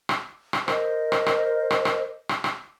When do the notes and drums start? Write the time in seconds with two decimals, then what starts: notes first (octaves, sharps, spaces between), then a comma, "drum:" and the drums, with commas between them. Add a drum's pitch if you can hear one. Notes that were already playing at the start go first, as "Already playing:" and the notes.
0.09 drum: rim click
0.53 drum: rim click
0.68 A#4 C5 D#5, drum: rim click
1.12 drum: rim click
1.26 drum: rim click
1.71 drum: rim click
1.85 drum: rim click
2.29 drum: rim click
2.44 drum: rim click